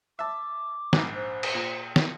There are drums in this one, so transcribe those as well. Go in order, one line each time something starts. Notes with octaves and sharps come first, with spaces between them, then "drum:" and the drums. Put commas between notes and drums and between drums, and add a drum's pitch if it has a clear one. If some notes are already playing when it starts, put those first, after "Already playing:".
E5 A5 D6
A#1 G#2, drum: snare
C5
drum: cymbal
A#2
drum: snare